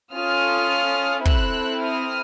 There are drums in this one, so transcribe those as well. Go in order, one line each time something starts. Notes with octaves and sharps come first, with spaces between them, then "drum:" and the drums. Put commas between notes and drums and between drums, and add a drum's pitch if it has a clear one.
C#4 F4 A4 D#6 F6
C4 E4 A4 E6 F#6, drum: kick
D#6 F6